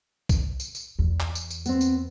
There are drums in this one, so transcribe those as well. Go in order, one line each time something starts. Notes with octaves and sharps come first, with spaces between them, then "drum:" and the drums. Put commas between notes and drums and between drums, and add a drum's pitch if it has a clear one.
drum: kick, tambourine
drum: tambourine
drum: tambourine
E2
drum: clap
drum: tambourine
drum: tambourine
B3 C4, drum: tambourine
drum: tambourine